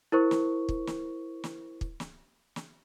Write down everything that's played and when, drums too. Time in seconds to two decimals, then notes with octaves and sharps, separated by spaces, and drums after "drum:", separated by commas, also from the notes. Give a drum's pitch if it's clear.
0.12 E4 A#4 C5 C#6
0.31 drum: snare
0.69 drum: kick
0.87 drum: snare
1.44 drum: snare
1.81 drum: kick
2.00 drum: snare
2.56 drum: snare